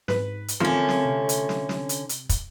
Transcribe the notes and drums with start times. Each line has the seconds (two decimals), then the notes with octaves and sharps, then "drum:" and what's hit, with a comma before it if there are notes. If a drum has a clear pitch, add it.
0.08 G#2 B4, drum: snare
0.48 drum: hi-hat
0.60 D3 F3 A3 C4 C#4 A#4
0.89 drum: snare
1.05 C3
1.29 drum: hi-hat
1.49 drum: snare
1.69 drum: snare
1.89 drum: hi-hat
2.09 drum: hi-hat
2.29 drum: kick, hi-hat